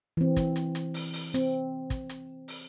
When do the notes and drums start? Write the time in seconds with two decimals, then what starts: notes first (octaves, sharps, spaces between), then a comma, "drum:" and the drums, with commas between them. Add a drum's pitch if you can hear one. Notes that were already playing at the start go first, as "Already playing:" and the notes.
0.17 E3 C4
0.36 drum: kick, hi-hat
0.56 drum: hi-hat
0.75 drum: hi-hat
0.94 drum: open hi-hat
1.13 drum: open hi-hat
1.34 C4, drum: hi-hat
1.90 drum: kick, hi-hat
2.09 drum: hi-hat
2.48 drum: open hi-hat